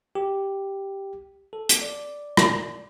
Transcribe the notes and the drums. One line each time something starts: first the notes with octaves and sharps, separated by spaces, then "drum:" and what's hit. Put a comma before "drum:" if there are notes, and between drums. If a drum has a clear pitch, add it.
G4
A4
drum: hi-hat
D5
drum: rim click